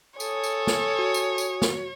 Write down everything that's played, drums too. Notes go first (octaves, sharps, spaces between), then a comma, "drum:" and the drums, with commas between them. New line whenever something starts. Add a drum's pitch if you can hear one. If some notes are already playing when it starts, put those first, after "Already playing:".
A4 C#5 G#5 D#6, drum: tambourine
drum: tambourine
drum: snare
F#4
drum: tambourine
drum: tambourine
drum: snare